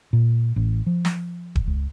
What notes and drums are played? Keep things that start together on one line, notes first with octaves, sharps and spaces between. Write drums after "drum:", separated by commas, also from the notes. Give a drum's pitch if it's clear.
A#2
A1
F3
drum: snare
drum: kick D#1
C#2